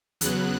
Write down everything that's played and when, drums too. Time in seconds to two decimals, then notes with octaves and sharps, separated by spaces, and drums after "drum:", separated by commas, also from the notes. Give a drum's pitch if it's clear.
0.21 E2 C#3 F#3 B3 F#6, drum: hi-hat